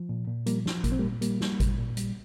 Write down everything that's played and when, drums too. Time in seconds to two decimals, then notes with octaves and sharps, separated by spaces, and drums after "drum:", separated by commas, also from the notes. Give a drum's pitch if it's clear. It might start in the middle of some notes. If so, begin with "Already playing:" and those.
Already playing: F3
0.09 A#2
0.28 A#2
0.46 F3 G3 A#3, drum: hi-hat
0.66 F3, drum: snare
0.84 A#2 A#3, drum: kick G#1, hi-hat
0.92 C4
0.99 G3 A#3
1.04 A#2
1.22 G3 A#3, drum: hi-hat
1.40 G3, drum: snare
1.60 A#2, drum: kick G#1, hi-hat
1.78 A#2
1.97 G3, drum: hi-hat